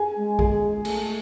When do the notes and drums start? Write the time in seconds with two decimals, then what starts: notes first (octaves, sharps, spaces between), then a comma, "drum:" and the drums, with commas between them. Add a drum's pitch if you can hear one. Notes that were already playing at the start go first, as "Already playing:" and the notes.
Already playing: G#4 G#5
0.16 G#3
0.39 G#4 G#5, drum: kick A#1
0.85 A3, drum: cymbal